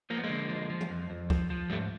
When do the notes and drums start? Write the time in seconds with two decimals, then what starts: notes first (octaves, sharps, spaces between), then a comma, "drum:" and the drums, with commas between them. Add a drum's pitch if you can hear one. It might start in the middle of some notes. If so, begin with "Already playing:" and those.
0.10 F3 A#3
0.17 B3
0.24 G#3 A#3
0.29 D3
0.49 F3
0.70 F3
0.81 drum: tom E3
0.90 F2
1.10 F2
1.30 F3, drum: kick
1.50 F3
1.70 G#2 G3 A3